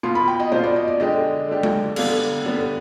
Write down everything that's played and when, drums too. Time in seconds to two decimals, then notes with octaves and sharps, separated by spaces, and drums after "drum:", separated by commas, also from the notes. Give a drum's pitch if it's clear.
0.03 B2 B3 F4 C6
0.15 B5
0.28 G5
0.40 D#5
0.52 B2 B3 F4 C5
0.63 D5
0.76 D#5
0.88 D5
1.00 D3 G#3 D4 G4 D#5
1.48 D3 G#3 D4 G4
1.63 drum: tom G#3
1.96 D3 G3 B3 F5, drum: cymbal
2.45 D3 G3 B3